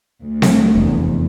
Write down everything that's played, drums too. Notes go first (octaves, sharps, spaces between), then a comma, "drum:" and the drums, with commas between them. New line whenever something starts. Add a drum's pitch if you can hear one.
D2
drum: snare C4
F1 E2